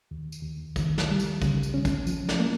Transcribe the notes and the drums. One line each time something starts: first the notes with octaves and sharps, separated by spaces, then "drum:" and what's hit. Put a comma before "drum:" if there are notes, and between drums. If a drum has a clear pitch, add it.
D#2
drum: tambourine
D#2
D#3, drum: kick, tambourine
drum: snare
G3
drum: tambourine
C#3, drum: kick, tambourine
drum: tambourine
C#4
drum: kick, tambourine
F3, drum: tambourine
drum: snare
A#3